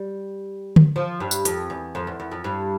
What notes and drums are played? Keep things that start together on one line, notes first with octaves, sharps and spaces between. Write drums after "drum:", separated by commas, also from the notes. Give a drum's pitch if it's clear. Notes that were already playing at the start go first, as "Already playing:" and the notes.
Already playing: G3
drum: tom D3
F3
G2
drum: tambourine
F2, drum: hi-hat
E2
F2
E2
E2
F2
G2